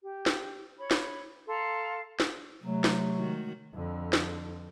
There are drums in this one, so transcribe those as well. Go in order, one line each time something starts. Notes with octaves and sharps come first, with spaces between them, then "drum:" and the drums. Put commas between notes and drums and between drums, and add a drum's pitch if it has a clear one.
G4
drum: snare
C#5 B5
drum: snare
A4 F5 A#5 C6
drum: snare
C3 F#3 A3
drum: snare
D#3 G#3 F#4
F2 D3
drum: snare